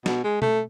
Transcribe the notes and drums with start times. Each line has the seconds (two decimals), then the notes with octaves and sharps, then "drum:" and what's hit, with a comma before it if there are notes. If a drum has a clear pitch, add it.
0.06 B2, drum: snare
0.24 G#3
0.42 A3, drum: tom B2